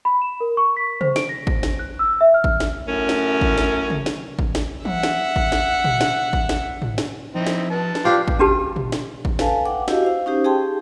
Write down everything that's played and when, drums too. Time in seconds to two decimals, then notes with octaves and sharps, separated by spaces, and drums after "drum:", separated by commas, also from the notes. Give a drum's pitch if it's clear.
0.05 B5
0.22 E7
0.41 A#4
0.57 C#6
0.77 B6
1.01 C5, drum: tom C3
1.16 D7, drum: snare
1.29 A#6
1.47 drum: kick G#1
1.63 drum: snare
1.79 F#6
1.99 E6
2.21 E5
2.34 F6
2.44 drum: kick G#1
2.60 drum: snare
2.88 F#2 A2 C#4 A#4
3.09 drum: snare
3.41 drum: kick G#1
3.58 drum: snare
3.90 drum: tom C3
4.06 drum: snare
4.39 drum: kick G#1
4.55 drum: snare
4.85 E5 F#5, drum: tom E3
5.03 drum: snare
5.36 drum: kick G#1
5.52 drum: snare
5.84 drum: tom A#2
6.01 drum: snare
6.33 drum: kick G#1
6.49 drum: snare
6.82 drum: tom G#2
6.98 drum: snare
7.35 F3 C4 D#4 E4
7.47 drum: snare
7.70 B4 A5
7.95 drum: snare
8.05 D4 F4 G4
8.28 drum: kick G#1
8.39 C#4 D4 F#4 G4 B4 A5
8.76 drum: tom A#2
8.92 drum: snare
9.25 drum: kick G#1
9.39 A4 B4 F5 G#5 A5, drum: snare
9.66 F#5 G5 D6
9.88 E4 F#4 G4 D#5 F5, drum: snare
10.03 E4 C5 F5
10.26 C#4 D#4 G4 C5
10.44 G4 G#4 G5 A5 C6